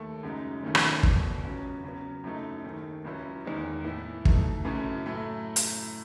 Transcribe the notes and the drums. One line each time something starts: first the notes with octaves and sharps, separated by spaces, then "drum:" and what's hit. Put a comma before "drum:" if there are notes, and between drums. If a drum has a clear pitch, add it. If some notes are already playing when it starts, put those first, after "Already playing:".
Already playing: D#2 A3
F#2 C#3 G#3 D#4
D#2 D#3 A3 C#4 E4
drum: rim click
E2 B2 A3, drum: kick
C#2 C#3 F#3 C#4
C#3 F#3 B3
F#2 E3 A3 D#4
D#2 D#3 A3
C#2 C#3 F#3 C#4 E4
E2 D#3 G#3 D#4
A2 E3 B3 E4
B2 A3 D#4, drum: kick
F#2 C#3 E3 A3
A2 F#3 A3 E4
drum: hi-hat